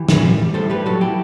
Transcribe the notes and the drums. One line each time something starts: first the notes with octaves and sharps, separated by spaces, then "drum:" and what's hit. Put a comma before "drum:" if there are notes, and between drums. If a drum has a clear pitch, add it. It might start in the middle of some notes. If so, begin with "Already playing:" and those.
Already playing: E3 G4
A2, drum: snare
G3
G3
A2 A4 C5
G3 G4 B4
F#3 F#4 A4
E4 G4